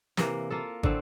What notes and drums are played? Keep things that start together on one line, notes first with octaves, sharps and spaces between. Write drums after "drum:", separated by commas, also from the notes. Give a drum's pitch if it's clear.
C3 E3 A#3, drum: snare
A#3 F4 A4
D3 A3 C4 E4, drum: kick